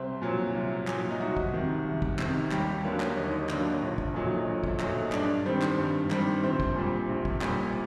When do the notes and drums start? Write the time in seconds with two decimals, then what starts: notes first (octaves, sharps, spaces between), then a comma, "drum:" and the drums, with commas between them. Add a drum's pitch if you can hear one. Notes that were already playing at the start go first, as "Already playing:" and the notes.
Already playing: C2 C4 C5
0.22 A#2 F#3
0.55 C2
0.87 A#2 F#3, drum: clap
1.11 D#4
1.20 C2 F#4
1.37 drum: kick
1.54 C3 D#3
1.85 C2
2.02 drum: kick
2.19 C3 D#3, drum: clap
2.52 D#2 G3 G4, drum: clap
2.83 D3 F#3 A#3 D4
3.00 drum: clap
3.17 D#2 D#4 D#5
3.49 D3 F#3 A#3 D4, drum: clap
3.82 A#1
3.98 drum: kick
4.14 A#2 F#3 A3 D#4
4.48 A#1
4.64 drum: kick
4.80 A#2 F#3 A3 D#4, drum: clap
5.12 G2 D4 D5, drum: clap
5.46 D#3 G3 C4
5.62 drum: clap
5.78 G2
6.11 D#3 G3 C4, drum: clap
6.43 A#1 C4 C5
6.60 drum: kick
6.76 A#2 G3
7.09 A#1
7.25 drum: kick
7.41 A#2 G3, drum: clap